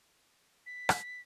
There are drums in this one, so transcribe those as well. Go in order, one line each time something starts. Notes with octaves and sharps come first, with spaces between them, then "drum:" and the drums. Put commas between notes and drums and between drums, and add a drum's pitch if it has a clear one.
B6
drum: rim click